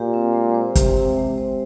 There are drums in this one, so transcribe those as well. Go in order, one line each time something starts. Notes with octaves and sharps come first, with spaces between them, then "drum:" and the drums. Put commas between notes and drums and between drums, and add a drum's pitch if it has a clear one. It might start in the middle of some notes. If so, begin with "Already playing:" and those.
Already playing: A#2 G4
C4
G#3
C5
C3 G4, drum: kick, hi-hat
C4
G#3
C5